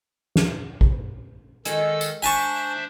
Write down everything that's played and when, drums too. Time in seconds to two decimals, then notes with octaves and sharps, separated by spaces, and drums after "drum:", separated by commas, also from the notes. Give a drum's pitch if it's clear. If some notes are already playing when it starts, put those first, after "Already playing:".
0.36 drum: snare
0.81 drum: kick A1
1.65 D#3 G#3 A4 E6, drum: hi-hat
2.01 drum: tambourine
2.23 D4 C5 E5 G#5 A5 C#6